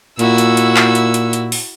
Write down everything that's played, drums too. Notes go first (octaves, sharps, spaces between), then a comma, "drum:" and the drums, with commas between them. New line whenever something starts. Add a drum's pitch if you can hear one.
A#2 E4 F#4 E6, drum: hi-hat
drum: hi-hat
drum: hi-hat
drum: clap
drum: hi-hat
drum: hi-hat
drum: hi-hat
drum: open hi-hat